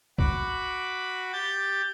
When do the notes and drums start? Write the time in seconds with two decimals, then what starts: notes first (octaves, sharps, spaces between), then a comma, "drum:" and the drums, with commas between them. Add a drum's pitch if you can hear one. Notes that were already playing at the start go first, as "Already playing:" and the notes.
0.18 F#4 B5 D6, drum: kick B1
1.33 G4 G6 A6